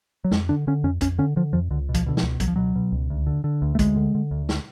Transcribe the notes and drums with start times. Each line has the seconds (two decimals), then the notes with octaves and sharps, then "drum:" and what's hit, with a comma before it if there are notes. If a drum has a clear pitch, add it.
0.25 F#3
0.31 F2 G#3, drum: snare
0.49 D3 D4
0.67 D3 C#4
0.84 F2 C#4
1.01 F2 C#4, drum: kick A#1, hi-hat
1.18 D3 C#4
1.36 D3 F3
1.53 F2 F3
1.70 C#2 D3
1.89 B2
1.94 F3, drum: kick A#1, hi-hat
2.06 B2 D3
2.17 F3, drum: snare
2.23 C#2
2.40 C#2 F#3, drum: kick A#1, hi-hat
2.48 F3
2.56 B2 F#3
2.76 B2
2.92 C#2
3.10 D2
3.27 D3
3.44 D3
3.62 D2
3.75 A3
3.79 D2 G#3, drum: kick A#1, hi-hat
3.97 D3
4.15 D3
4.31 D2
4.49 drum: snare